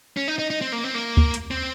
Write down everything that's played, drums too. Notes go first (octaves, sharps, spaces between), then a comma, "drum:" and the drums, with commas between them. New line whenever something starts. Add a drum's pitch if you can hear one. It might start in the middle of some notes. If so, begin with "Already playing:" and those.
C#4
D#4
D#4
D#4
C4
A#3
C4
A#3
drum: kick D2
drum: hi-hat
C4